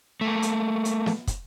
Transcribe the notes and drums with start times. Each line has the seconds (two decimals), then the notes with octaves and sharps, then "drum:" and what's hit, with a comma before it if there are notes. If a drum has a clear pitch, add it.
0.21 A3 A#3
0.42 drum: hi-hat
0.85 drum: hi-hat
1.06 drum: snare
1.27 drum: kick, hi-hat